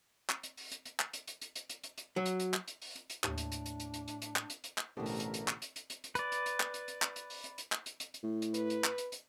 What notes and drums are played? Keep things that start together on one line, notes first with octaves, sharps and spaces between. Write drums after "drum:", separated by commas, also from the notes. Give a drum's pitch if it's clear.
drum: clap
drum: hi-hat
drum: open hi-hat
drum: hi-hat
drum: hi-hat
drum: clap
drum: hi-hat
drum: hi-hat
drum: hi-hat
drum: hi-hat
drum: hi-hat
drum: hi-hat
drum: hi-hat
F#3
drum: hi-hat
drum: hi-hat
drum: clap
drum: hi-hat
drum: open hi-hat
drum: hi-hat
drum: hi-hat
D#2 A2 D4, drum: clap
drum: hi-hat
drum: hi-hat
drum: hi-hat
drum: hi-hat
drum: hi-hat
drum: hi-hat
drum: hi-hat
drum: clap
drum: hi-hat
drum: hi-hat
drum: clap
A1 B2 D3 A3 E4 G4 A#4 C5
drum: open hi-hat
drum: hi-hat
drum: hi-hat
drum: clap
drum: hi-hat
drum: hi-hat
drum: hi-hat
drum: hi-hat
B4 D5, drum: hi-hat
drum: hi-hat
drum: hi-hat
drum: clap
drum: hi-hat
drum: hi-hat
drum: clap
drum: hi-hat
drum: open hi-hat
drum: hi-hat
drum: hi-hat
drum: clap
drum: hi-hat
drum: hi-hat
drum: hi-hat
A2
drum: hi-hat
B4, drum: hi-hat
drum: hi-hat
drum: clap
drum: hi-hat
drum: hi-hat